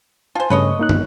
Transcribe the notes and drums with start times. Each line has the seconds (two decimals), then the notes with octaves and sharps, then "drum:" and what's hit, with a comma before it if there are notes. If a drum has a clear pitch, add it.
0.35 F4 C5 G#5 A5
0.50 G2 C#3 A3 B4 C#5 D#5
0.79 A#3 D#4 F#6
0.89 drum: tom